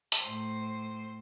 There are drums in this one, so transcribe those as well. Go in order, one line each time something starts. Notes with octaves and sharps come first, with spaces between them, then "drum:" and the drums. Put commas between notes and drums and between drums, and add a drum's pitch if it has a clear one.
drum: hi-hat
A2 C5